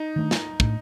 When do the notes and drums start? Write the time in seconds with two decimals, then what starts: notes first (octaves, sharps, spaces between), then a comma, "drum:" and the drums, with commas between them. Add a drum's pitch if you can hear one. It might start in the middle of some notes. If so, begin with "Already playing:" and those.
Already playing: D#4
0.16 D#3 A3 D4
0.31 drum: snare
0.60 A2 A3 D4, drum: kick